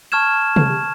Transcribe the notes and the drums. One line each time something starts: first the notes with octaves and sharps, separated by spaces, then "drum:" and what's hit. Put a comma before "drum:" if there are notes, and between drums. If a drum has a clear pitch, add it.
A5 C#6 F6 G#6 E7
drum: tom C3